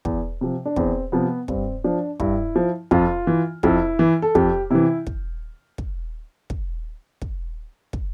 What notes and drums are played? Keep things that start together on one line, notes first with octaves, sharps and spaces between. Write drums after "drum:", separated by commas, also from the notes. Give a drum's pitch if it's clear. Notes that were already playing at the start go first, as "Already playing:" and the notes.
E2, drum: kick
C3 F3
D4
E2 C4, drum: kick
C3 F3 B3
G2 C4, drum: kick
F3 D4
G2 E4, drum: kick
F3
F2 F4, drum: kick
E3
F2 E4, drum: kick
E3
A4
F2 G4, drum: kick
C3 E3 E4
drum: kick
drum: kick
drum: kick
drum: kick
drum: kick